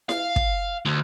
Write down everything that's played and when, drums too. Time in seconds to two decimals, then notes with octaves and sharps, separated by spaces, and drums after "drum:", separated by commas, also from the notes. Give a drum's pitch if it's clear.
0.09 F5, drum: snare E4
0.36 drum: kick
0.85 D2